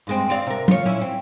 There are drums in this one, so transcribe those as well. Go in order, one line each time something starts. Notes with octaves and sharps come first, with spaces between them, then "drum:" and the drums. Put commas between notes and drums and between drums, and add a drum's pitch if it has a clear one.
G2 G#3 C4
C4 D5 F5
C3 A#4
F4 C#5, drum: tom
A#2 C#4 E4
C4